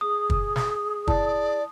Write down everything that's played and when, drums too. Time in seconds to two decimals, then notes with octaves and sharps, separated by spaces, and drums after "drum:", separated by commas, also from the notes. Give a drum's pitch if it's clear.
0.01 G#4 D#6
0.30 drum: kick
0.56 drum: snare
1.07 E4 D5 A5, drum: kick